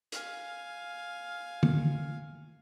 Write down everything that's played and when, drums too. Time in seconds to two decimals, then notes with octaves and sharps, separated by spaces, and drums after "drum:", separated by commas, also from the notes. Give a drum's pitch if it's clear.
0.12 F5 G#5, drum: hi-hat
1.63 drum: tom